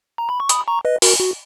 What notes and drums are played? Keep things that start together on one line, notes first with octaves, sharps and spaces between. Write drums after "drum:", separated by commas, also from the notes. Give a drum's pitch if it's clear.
A#5
B5
C#6
B5 D#6, drum: hi-hat
A#5 C#6
B4 D#5
F#4 A#4, drum: open hi-hat
F#4